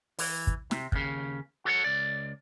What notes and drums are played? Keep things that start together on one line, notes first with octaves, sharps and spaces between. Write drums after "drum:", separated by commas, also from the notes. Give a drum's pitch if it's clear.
E3, drum: open hi-hat
drum: kick
C3, drum: snare
D#2 C#3, drum: kick
F#4 A4 C#5 F#5
C#2 D5